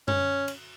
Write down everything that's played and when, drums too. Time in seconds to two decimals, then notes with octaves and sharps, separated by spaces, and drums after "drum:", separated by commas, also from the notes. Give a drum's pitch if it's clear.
0.08 C#4, drum: tom F#2
0.48 drum: cymbal